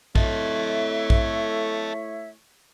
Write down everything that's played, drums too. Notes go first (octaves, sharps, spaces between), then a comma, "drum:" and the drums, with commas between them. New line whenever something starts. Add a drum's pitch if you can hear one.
A3 E4 A4 C#5 D#5 E5, drum: kick A#1
drum: kick A#1